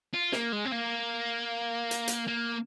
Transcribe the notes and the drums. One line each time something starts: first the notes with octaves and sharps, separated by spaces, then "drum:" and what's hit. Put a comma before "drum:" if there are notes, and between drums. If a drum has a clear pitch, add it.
F4
A#3, drum: snare
G#3
C4
A#3
drum: hi-hat
drum: hi-hat
A#3